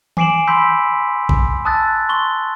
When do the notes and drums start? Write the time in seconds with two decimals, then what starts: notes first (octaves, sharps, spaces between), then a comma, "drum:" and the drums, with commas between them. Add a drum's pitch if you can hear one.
0.17 G#5 D6 C7 D7 E7 F#7, drum: tom D#3
0.47 B5 C6 E6 G6 B6
1.29 drum: kick A#1
1.65 A5 D#6 E6 F#6 A6
2.09 C6 C#6 G7